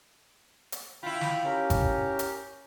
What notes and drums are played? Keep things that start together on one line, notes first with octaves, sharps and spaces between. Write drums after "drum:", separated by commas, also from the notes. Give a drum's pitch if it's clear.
drum: hi-hat
E4 F4 G5 B5
drum: snare
C#4 G4 A#4
drum: kick G#1, hi-hat
drum: hi-hat